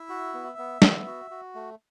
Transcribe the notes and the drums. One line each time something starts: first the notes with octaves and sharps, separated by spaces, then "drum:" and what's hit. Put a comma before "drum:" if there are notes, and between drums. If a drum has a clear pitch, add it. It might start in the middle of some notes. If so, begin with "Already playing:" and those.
Already playing: E4 E5
F#4
B3
B3
B3, drum: snare
F#4
F#4
A3